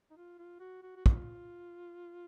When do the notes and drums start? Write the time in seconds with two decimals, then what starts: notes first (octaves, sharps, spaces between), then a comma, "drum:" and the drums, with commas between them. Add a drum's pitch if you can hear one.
0.10 D#4
0.17 F4
0.38 F4
0.60 F#4
0.83 F#4
0.96 F#4
1.06 F4, drum: kick